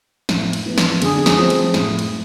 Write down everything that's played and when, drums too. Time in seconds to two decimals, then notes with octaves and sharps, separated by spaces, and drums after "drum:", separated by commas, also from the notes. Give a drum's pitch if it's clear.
0.29 A2, drum: snare
0.53 drum: cymbal
0.66 E3 B3
0.78 drum: snare
1.02 D3 G#4, drum: cymbal
1.26 drum: snare
1.38 F3 A3 C4
1.50 drum: cymbal
1.74 A2, drum: snare
1.99 drum: cymbal